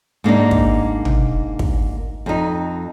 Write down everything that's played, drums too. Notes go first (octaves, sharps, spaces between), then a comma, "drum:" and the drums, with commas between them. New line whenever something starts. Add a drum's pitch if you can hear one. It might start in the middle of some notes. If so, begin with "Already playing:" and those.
G#2 A#3 D4 D#4
drum: kick
drum: tom
drum: kick
F2 D#4